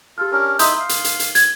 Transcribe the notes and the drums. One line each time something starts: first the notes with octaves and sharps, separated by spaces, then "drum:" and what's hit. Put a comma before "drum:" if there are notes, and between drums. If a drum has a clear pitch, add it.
F4 G4 A4 F6
C#4 D4 A#4
D#4 E4 E5 C6 D#6 G6, drum: hi-hat
F5
drum: hi-hat
drum: hi-hat
drum: hi-hat
G#6, drum: hi-hat